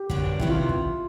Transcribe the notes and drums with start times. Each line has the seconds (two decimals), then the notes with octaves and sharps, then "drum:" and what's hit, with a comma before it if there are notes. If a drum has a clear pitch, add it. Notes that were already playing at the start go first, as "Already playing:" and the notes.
Already playing: G4
0.10 F#2 D3 F#3 B3 D4, drum: kick
0.40 C3 D#3 F#3 B3 E4, drum: kick
0.49 F4
0.69 drum: kick